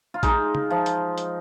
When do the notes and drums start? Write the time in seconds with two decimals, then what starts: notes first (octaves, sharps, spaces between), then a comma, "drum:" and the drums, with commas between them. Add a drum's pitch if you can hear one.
0.14 F4
0.23 G#3 D#4, drum: kick A#1, hi-hat
0.55 drum: tom
0.70 F3
0.86 drum: hi-hat
1.18 drum: hi-hat